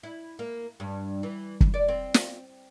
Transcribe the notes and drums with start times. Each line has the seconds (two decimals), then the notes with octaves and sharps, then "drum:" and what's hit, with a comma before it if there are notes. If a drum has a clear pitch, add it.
0.03 E4
0.39 A#3
0.80 G2
1.23 E3
1.61 drum: kick
1.74 D5
1.88 C4
2.14 drum: snare